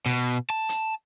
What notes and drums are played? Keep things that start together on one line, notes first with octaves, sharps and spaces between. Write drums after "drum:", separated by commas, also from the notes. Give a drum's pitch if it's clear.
B2, drum: hi-hat
A5
drum: hi-hat